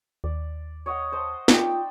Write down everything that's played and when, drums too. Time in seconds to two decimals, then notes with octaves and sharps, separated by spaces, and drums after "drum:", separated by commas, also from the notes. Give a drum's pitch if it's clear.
0.24 D#2 D5
0.86 C#5 D#5 F#5
1.12 C5 D#5 A5
1.48 D#4 F4 D5 G5, drum: snare